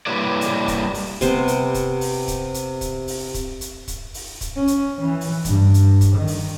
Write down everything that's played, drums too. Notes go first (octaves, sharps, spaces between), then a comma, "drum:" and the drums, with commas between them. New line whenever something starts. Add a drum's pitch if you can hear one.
G3 A#3 E4 B4 C#5 D5
drum: hi-hat
drum: kick, hi-hat
drum: open hi-hat
C3 B3 C5, drum: kick, hi-hat
drum: hi-hat
drum: kick, hi-hat
drum: open hi-hat
drum: kick, hi-hat
drum: hi-hat
drum: kick, hi-hat
drum: open hi-hat
drum: kick, hi-hat
drum: hi-hat
drum: kick, hi-hat
drum: open hi-hat
drum: kick, hi-hat
C#4
drum: hi-hat
E3
drum: open hi-hat
G2, drum: kick, hi-hat
drum: hi-hat
drum: kick, hi-hat
D#3
drum: open hi-hat